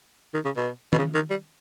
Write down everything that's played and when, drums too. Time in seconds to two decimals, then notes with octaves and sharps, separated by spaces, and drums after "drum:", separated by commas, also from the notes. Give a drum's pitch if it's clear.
0.34 D#3
0.45 C#3
0.56 B2
0.93 B2, drum: tom D#3
0.98 C#3
1.14 D#3
1.30 G3